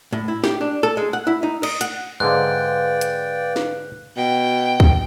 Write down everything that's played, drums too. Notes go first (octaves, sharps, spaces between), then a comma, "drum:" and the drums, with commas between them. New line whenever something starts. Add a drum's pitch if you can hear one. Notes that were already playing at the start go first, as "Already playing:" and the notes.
A2
E4
G4, drum: snare
D4
A4
G#3
F#5
E4
D#4
D#5, drum: cymbal
F#5, drum: hi-hat
G#2 D3 B4 D5 F5 G5 F#6
drum: hi-hat
drum: snare
B2 G5
drum: kick C#2